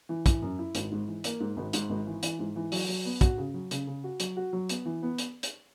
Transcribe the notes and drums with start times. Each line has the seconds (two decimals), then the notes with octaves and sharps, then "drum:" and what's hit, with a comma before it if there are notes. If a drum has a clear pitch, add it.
0.09 E3
0.26 E3, drum: kick, hi-hat
0.42 F#2
0.59 E4
0.75 G#1, drum: hi-hat
0.91 G#2
1.07 E3
1.24 A#3, drum: hi-hat
1.40 G#2
1.57 G#1
1.73 G#2, drum: hi-hat
1.90 G#1
2.06 E3
2.23 E3, drum: hi-hat
2.39 G#2
2.56 E3
2.72 F#3, drum: open hi-hat
2.89 F#3
3.05 B3
3.21 F#4, drum: kick, hi-hat
3.38 C#3
3.54 F#3
3.71 C#3, drum: hi-hat
3.87 C#3
4.04 F#4
4.20 F#3, drum: hi-hat
4.36 F#4
4.53 F#3
4.69 B3, drum: hi-hat
4.86 E3
5.02 B3
5.18 drum: hi-hat
5.43 drum: hi-hat